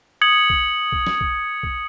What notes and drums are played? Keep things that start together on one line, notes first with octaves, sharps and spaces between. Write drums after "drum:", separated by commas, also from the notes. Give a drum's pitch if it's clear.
D#6 G#6 C#7 F#7
drum: kick B1
drum: kick B1
drum: snare
drum: kick B1
drum: kick B1